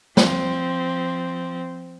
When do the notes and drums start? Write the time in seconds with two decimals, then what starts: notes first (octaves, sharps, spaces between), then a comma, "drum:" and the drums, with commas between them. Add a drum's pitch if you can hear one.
0.17 F3 C4, drum: snare